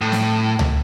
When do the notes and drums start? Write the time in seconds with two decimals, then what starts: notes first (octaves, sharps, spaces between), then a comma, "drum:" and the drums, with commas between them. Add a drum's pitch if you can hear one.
0.01 A2
0.12 drum: snare
0.59 drum: tom C#2